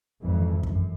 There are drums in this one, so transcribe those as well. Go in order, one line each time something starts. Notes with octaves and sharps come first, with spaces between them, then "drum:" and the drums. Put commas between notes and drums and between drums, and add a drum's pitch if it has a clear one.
G#1 F2 E3
F#2, drum: kick